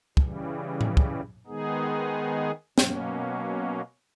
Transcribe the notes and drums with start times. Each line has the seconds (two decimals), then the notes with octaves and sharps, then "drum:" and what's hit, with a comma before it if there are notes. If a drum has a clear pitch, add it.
0.17 C#3 E3 G3, drum: kick
0.81 drum: tom A2
0.97 drum: kick
1.47 D#3 G#3 B3 D#4 G#4
2.78 B2 F#3 A#3 C#4, drum: snare